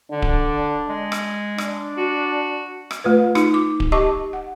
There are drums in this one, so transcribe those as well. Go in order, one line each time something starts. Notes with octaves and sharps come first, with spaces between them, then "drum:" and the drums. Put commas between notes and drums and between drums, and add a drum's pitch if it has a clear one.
D3 D4
drum: kick D1
G#3
drum: rim click
D4, drum: rim click
F#4
drum: rim click
A3 F4 B4
D#4 F4, drum: rim click
D6
drum: kick D1
G4 D#5 A5 C#6 D6
F#5